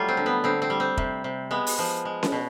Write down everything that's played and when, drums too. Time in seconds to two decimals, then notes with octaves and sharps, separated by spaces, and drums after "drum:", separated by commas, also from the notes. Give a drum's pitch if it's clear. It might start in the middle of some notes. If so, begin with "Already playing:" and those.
Already playing: F#3 G3 A3 F4
0.09 C4
0.17 D3
0.26 B3
0.44 D3 C4
0.62 C4
0.70 G3
0.80 C4
0.97 C3, drum: kick
1.24 C3
1.51 G#3 B3
1.66 drum: open hi-hat
1.79 F3
2.05 G#3
2.23 drum: snare C#4
2.32 B2